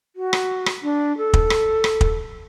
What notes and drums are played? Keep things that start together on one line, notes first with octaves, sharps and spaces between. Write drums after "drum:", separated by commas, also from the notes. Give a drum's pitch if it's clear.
F#4
drum: rim click
drum: rim click
D4
A4
drum: kick
drum: rim click
drum: rim click
drum: kick